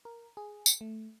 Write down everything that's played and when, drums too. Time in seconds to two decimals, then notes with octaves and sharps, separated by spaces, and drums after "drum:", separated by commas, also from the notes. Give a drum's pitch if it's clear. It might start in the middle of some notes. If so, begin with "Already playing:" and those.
0.05 A#4
0.37 G#4
0.66 drum: tambourine
0.81 A3